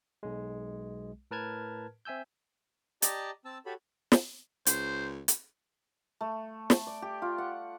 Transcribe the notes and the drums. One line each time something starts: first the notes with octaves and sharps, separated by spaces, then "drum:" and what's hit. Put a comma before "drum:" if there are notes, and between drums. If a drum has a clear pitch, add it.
B1 G#3
A2 A#4 B4 A5 F6 G#6
C4 E5 G#5 E6 G6
G4 D5 D#5 A5 A#5, drum: hi-hat
C4 A5 E6
F#4 G4 A4 C#5 B5
drum: snare
C#2 C5, drum: hi-hat
drum: hi-hat
A3
A5, drum: snare
D5
G4
F4
F#5